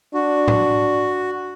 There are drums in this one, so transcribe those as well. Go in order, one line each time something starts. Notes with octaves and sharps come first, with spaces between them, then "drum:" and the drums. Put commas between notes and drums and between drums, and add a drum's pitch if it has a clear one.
D4 F#4
drum: tom A2